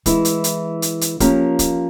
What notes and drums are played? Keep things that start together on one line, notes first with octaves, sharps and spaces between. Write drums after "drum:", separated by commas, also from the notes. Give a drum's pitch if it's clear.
E3 G#3 E4, drum: kick, hi-hat
drum: hi-hat
drum: hi-hat
drum: hi-hat
drum: hi-hat
F3 A#3 C#4 G4 A#4, drum: kick, hi-hat
drum: kick, hi-hat